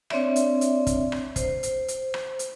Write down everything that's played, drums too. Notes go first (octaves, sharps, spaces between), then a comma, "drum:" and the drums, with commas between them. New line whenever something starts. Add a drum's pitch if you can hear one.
C4 D4 C#5 D5 E5, drum: rim click
drum: hi-hat
drum: hi-hat
drum: kick, hi-hat
drum: rim click
C5, drum: kick, hi-hat
drum: hi-hat
drum: hi-hat
drum: rim click
drum: hi-hat